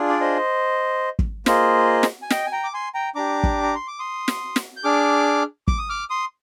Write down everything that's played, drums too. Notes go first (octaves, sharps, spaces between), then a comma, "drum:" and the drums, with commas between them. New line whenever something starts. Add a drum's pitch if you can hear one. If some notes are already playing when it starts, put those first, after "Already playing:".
Already playing: D4 F4 G#4
D5
C5 D#5
drum: kick
A#3 F4 G#4 C5 D#5, drum: snare
drum: snare
G#5
D#5 G5, drum: snare
G#5
G5 A#5
D6
G#5 C6
G5 A#5
D4 G4 A#5 D6
drum: kick
A#5
C6
D6
C6 D#6
drum: snare
drum: snare
G6
D4 G#4 D6 F6
D6, drum: kick
D#6
D6 F6
C6 D#6